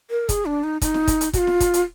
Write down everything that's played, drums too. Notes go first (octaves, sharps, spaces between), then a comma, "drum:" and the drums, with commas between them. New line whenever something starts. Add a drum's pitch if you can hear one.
A#4
G#4, drum: kick, hi-hat
D4
D#4
D#4, drum: kick, hi-hat
drum: snare
drum: kick, hi-hat
drum: hi-hat
F#4, drum: kick, hi-hat
F4
drum: snare
drum: kick, hi-hat
drum: hi-hat